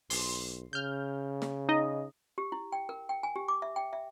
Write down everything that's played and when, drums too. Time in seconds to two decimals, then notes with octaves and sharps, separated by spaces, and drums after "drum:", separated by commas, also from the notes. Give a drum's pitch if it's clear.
0.10 B1 C6, drum: open hi-hat
0.73 C#3 F6 G6
1.42 drum: snare
1.69 D#4 D#5
2.38 G4
2.52 E4
2.72 G5
2.89 A#4
3.09 G5
3.23 G#5
3.36 G4
3.48 D6
3.62 E5
3.76 G5
3.93 E5